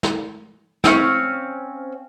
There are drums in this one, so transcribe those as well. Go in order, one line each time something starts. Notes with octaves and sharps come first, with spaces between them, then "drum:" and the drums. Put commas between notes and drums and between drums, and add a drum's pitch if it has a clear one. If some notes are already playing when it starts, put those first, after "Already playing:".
drum: snare
C4 C#4 F5 C#6, drum: snare